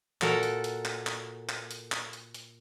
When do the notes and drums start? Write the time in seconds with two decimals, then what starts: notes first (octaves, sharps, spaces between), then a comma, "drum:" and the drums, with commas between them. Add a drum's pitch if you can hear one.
0.22 A#2 F#4 A4 A#4 F#5, drum: clap
0.43 drum: hi-hat
0.64 drum: hi-hat
0.85 drum: clap
1.07 drum: clap
1.49 drum: clap
1.71 drum: hi-hat
1.92 drum: clap
2.13 drum: hi-hat
2.34 drum: hi-hat